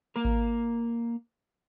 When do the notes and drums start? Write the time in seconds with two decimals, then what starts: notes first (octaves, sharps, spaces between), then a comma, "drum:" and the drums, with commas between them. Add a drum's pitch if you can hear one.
0.16 A#3 A#4
0.25 drum: kick G#1